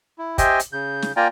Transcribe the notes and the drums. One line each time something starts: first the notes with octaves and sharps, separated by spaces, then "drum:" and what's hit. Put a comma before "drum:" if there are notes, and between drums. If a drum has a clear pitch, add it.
E4
G4 C5 D#5 E5 G5 G#5, drum: kick, hi-hat
drum: hi-hat
C#3 G6
drum: snare
A#3 F4 D5 G5 G#5 A#5